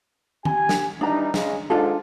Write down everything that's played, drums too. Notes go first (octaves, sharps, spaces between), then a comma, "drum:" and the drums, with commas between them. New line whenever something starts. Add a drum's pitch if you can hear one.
G4 G#5, drum: tom D#3
drum: snare
E3 G3 D4 D#4 A#5
C#3 G#3, drum: snare
G#2 D4 F4 A4